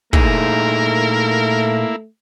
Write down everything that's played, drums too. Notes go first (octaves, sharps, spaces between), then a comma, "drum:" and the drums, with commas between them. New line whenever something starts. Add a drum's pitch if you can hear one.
A#2 A3 A#3 D#4 E4 G#4 A#4, drum: kick